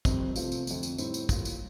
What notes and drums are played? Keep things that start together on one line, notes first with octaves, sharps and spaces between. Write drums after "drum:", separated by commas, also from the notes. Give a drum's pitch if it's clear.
F2 D#3 G3 C4 D#4, drum: kick, tambourine
C3 F3 A3 C4 F4, drum: tambourine
drum: tambourine
F2 D3 A3, drum: tambourine
drum: tambourine
A2 G3 C4 D#4, drum: tambourine
drum: tambourine
A2 G3 A#3 F4, drum: kick, tambourine
drum: tambourine